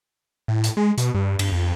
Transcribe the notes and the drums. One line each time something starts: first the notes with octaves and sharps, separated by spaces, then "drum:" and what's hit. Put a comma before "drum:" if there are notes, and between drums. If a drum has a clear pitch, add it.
A2
drum: hi-hat
G#3
B2, drum: hi-hat
G2
G2, drum: cymbal
F2